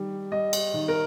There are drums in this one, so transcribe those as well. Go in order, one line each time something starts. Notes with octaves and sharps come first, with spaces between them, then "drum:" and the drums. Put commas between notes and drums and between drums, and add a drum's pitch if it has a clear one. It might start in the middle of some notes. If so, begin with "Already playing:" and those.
Already playing: D#3 G3
G3 D#5
drum: cymbal
D#3
A#4